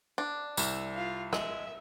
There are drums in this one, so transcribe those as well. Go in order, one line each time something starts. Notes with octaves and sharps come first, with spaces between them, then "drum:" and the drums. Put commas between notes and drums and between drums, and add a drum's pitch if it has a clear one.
D4
C2 E6 E7, drum: tambourine
F4 F5
G#3 E5, drum: rim click